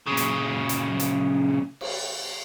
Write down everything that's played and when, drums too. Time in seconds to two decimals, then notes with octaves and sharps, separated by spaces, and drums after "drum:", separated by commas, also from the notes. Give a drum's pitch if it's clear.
0.07 A#2 C#3
0.17 drum: hi-hat
0.69 drum: hi-hat
1.00 drum: hi-hat
1.81 drum: cymbal